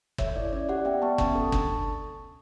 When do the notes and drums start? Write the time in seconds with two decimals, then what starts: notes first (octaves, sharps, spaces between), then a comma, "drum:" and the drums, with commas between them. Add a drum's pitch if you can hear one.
0.18 A4 C#5 E5, drum: kick
0.36 E4 D5
0.52 C#4 D5
0.69 G4 D5 F#5
0.85 B3 E5 G5
1.02 B3 A5 C#6
1.18 C#4 A5 C#6, drum: kick
1.35 A4
1.52 D4, drum: kick